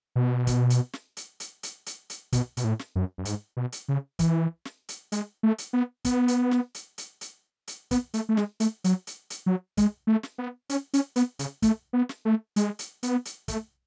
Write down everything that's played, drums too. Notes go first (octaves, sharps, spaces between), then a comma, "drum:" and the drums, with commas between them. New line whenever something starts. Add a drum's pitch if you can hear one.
B2
drum: kick, hi-hat
drum: hi-hat
drum: snare
drum: hi-hat
drum: hi-hat
drum: hi-hat
drum: hi-hat
drum: hi-hat
B2, drum: kick, hi-hat
B2, drum: hi-hat
A2
drum: snare
F#2
F#2
G#2, drum: hi-hat
B2
drum: hi-hat
C#3
E3, drum: kick, hi-hat
drum: snare
drum: hi-hat
G#3, drum: hi-hat
A3
drum: hi-hat
B3
B3, drum: kick, hi-hat
drum: hi-hat
drum: snare
drum: hi-hat
drum: hi-hat
drum: hi-hat
drum: hi-hat
B3, drum: kick, hi-hat
A3, drum: hi-hat
A3
G#3, drum: snare
A3, drum: hi-hat
F#3, drum: hi-hat
drum: hi-hat
drum: hi-hat
F#3
G#3, drum: kick, hi-hat
A3
drum: snare
B3
C#4, drum: hi-hat
C#4, drum: hi-hat
B3, drum: hi-hat
C#3, drum: hi-hat
A3, drum: kick, hi-hat
B3
drum: snare
A3
G#3, drum: hi-hat
drum: hi-hat
B3, drum: hi-hat
drum: hi-hat
A3, drum: kick, hi-hat